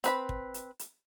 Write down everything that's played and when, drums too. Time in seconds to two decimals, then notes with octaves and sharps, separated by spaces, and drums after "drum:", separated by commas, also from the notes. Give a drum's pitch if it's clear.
0.04 C4 B4 B5, drum: hi-hat
0.29 drum: kick
0.54 drum: hi-hat
0.79 drum: hi-hat